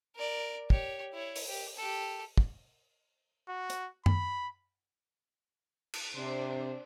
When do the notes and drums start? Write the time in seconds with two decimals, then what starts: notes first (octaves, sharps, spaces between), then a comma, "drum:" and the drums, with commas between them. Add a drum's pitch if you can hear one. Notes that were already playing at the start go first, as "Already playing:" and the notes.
0.16 A#4 D5
0.70 G4 C#5, drum: kick
1.13 E4 C#5
1.36 drum: open hi-hat
1.47 G4
1.76 G4 A4
2.38 drum: kick
3.49 F#4
3.70 drum: hi-hat
4.06 B5, drum: tom F#2
5.93 drum: cymbal
6.16 C3 C4 D4 C5